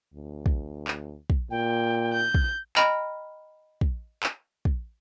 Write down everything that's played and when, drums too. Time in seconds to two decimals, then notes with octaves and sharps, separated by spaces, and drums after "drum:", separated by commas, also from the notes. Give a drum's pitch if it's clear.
0.14 D2
0.46 drum: kick
0.88 drum: clap
1.30 drum: kick
1.51 A#2 G5
2.14 G6
2.34 drum: kick
2.77 D#5 G5 A#5 B5 F6, drum: clap
3.81 drum: kick
4.23 drum: clap
4.65 drum: kick